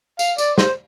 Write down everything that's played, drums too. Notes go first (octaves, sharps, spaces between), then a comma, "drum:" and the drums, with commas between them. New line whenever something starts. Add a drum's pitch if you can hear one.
F5, drum: tambourine
D5, drum: tambourine
C5, drum: snare